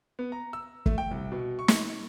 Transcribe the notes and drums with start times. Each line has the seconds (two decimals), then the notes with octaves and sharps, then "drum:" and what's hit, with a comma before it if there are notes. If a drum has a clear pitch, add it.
0.19 B3
0.32 A#5
0.53 E6
0.86 A3, drum: kick
0.98 G5
1.11 C2
1.32 B2
1.59 C#6
1.68 drum: snare